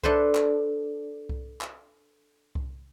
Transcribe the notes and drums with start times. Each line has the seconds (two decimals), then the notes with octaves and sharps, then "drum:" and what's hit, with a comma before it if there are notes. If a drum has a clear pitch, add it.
0.03 D4 A4 B4 C5, drum: kick C2
0.35 drum: clap
1.29 drum: kick C2
1.61 drum: clap
2.55 drum: kick C2